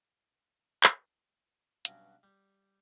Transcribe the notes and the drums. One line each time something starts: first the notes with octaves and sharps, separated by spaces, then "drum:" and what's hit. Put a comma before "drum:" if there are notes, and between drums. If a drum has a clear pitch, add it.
drum: clap
G2 B2 F#3 C#4 F#4, drum: hi-hat
G3